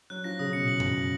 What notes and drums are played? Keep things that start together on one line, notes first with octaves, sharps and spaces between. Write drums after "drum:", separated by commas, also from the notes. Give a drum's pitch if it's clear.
F#3 F#6
F3 A#6
C#3 D#6
B2 C#7
F#7
drum: tom F#2